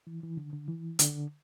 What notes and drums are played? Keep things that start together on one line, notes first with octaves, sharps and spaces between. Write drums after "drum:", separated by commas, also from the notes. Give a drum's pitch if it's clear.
E3
E3
D3
D3
E3
D3, drum: hi-hat